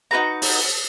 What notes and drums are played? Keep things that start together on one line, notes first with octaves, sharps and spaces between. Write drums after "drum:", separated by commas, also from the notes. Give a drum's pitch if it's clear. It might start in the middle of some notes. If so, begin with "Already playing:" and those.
D#4 F#4 B4 A#5
drum: open hi-hat